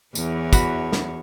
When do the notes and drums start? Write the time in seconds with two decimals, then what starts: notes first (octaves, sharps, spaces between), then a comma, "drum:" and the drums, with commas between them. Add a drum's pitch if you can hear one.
0.15 E2 E3 C#5, drum: tambourine
0.53 F#4 B5, drum: kick, tambourine
0.92 drum: snare